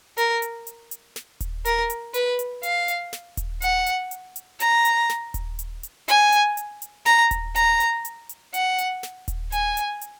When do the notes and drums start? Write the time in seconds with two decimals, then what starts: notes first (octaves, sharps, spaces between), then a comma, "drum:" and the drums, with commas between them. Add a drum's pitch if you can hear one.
0.18 A#4, drum: hi-hat
0.42 drum: hi-hat
0.67 drum: hi-hat
0.91 drum: hi-hat
1.16 drum: snare
1.40 drum: kick D#1, hi-hat
1.65 A#4, drum: hi-hat
1.90 drum: hi-hat
2.14 B4, drum: hi-hat
2.39 drum: hi-hat
2.63 F5, drum: hi-hat
2.88 drum: hi-hat
3.13 drum: snare
3.37 drum: kick D#1, hi-hat
3.62 F#5, drum: hi-hat
3.86 drum: hi-hat
4.11 drum: hi-hat
4.36 drum: hi-hat
4.60 A#5, drum: hi-hat
4.85 drum: hi-hat
5.09 drum: snare
5.34 drum: kick D#1, hi-hat
5.59 drum: hi-hat
5.83 drum: hi-hat
6.08 G#5, drum: hi-hat
6.32 drum: hi-hat
6.57 drum: hi-hat
6.82 drum: hi-hat
7.06 A#5, drum: snare
7.31 drum: kick D#1, hi-hat
7.56 A#5, drum: hi-hat
7.80 drum: hi-hat
8.05 drum: hi-hat
8.29 drum: hi-hat
8.54 F#5, drum: hi-hat
8.78 drum: hi-hat
9.03 drum: snare
9.28 drum: kick D#1, hi-hat
9.52 G#5, drum: hi-hat
9.77 drum: hi-hat
10.01 drum: hi-hat